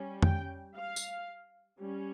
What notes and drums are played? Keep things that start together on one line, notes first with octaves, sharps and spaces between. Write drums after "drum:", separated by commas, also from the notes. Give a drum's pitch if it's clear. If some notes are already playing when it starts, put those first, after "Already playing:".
Already playing: G3 C#4
G5, drum: tom F2
F5
drum: tambourine
G3 C#4